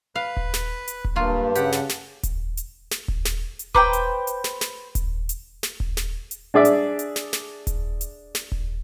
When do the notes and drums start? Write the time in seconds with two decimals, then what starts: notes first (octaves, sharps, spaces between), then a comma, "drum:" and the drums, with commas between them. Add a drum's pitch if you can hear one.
0.16 B4 F5
0.37 drum: kick D#1
0.54 drum: snare
0.88 drum: hi-hat
1.05 drum: kick D#1
1.16 G2 F#3 A#3 F4
1.55 C#3 G4 F#5, drum: hi-hat
1.72 drum: snare
1.89 drum: snare
2.23 drum: kick D#1, hi-hat
2.57 drum: hi-hat
2.91 drum: snare
3.08 drum: kick D#1
3.25 drum: snare
3.59 drum: hi-hat
3.75 B4 C5 G5 A#5 D6, drum: kick D#1
3.93 drum: hi-hat
4.27 drum: hi-hat
4.44 drum: snare
4.61 drum: snare
4.95 drum: kick D#1, hi-hat
5.29 drum: hi-hat
5.63 drum: snare
5.80 drum: kick D#1
5.97 drum: snare
6.31 drum: hi-hat
6.54 D4 G#4 D5 E5
6.65 drum: hi-hat
6.99 drum: hi-hat
7.16 drum: snare
7.33 drum: snare
7.67 drum: kick D#1, hi-hat
8.01 drum: hi-hat
8.35 drum: snare
8.52 drum: kick D#1